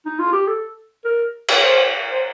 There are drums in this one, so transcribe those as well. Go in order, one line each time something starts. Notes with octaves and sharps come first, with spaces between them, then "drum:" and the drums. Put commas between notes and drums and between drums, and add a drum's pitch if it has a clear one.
D#4
F4
G4
A4
A#4
drum: cymbal
C5
C5